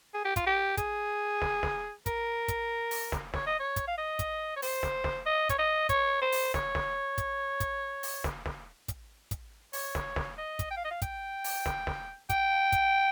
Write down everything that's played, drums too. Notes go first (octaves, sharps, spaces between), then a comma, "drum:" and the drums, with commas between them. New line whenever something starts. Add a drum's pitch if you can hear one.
G#4
G4
F4, drum: kick, hi-hat
G4
G#4, drum: kick, hi-hat
drum: snare
drum: snare
A#4, drum: kick, hi-hat
drum: kick, hi-hat
drum: open hi-hat
drum: snare
C#5, drum: snare
D#5
C#5
drum: kick, hi-hat
F5
D#5
drum: kick, hi-hat
C#5
C5, drum: open hi-hat
drum: snare
drum: snare
D#5
C#5, drum: kick, hi-hat
D#5
C#5, drum: kick, hi-hat
C5
drum: open hi-hat
C#5, drum: snare
drum: snare
drum: kick, hi-hat
drum: kick, hi-hat
drum: open hi-hat
drum: snare
drum: snare
drum: kick, hi-hat
drum: kick, hi-hat
C#5, drum: open hi-hat
drum: snare
drum: snare
D#5
drum: kick, hi-hat
G5
F5
D#5
F5
G5, drum: kick, hi-hat
drum: open hi-hat
drum: snare
drum: snare
G5, drum: kick, hi-hat
drum: kick, hi-hat